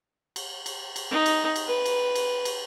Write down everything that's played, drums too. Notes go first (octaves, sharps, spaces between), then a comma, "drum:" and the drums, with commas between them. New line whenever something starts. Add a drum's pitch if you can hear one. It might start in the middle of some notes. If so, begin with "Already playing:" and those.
drum: cymbal
drum: cymbal
drum: cymbal
D#4
drum: cymbal
drum: cymbal
B4
drum: cymbal
drum: cymbal
drum: cymbal